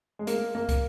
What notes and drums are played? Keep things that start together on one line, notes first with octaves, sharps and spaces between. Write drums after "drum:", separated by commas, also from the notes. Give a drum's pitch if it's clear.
G#3
A#3, drum: hi-hat
A#3
drum: kick, hi-hat